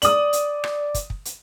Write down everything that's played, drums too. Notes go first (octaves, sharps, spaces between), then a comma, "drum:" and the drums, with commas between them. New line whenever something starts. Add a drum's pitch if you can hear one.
D5 D#6 F#7, drum: hi-hat
drum: hi-hat
drum: rim click
drum: kick, hi-hat
drum: kick
drum: hi-hat